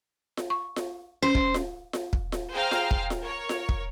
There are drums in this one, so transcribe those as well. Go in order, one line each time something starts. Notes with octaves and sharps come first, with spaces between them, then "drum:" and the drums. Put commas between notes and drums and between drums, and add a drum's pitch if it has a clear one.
drum: snare F4
C#6
drum: snare F4
C#4 C5 C6
drum: kick
drum: snare F4
drum: snare F4
drum: kick
drum: snare F4
G#4 C5 F5 G5 A#5 F6
drum: snare F4
drum: kick
drum: snare F4
A#4 C#5
drum: snare F4
drum: kick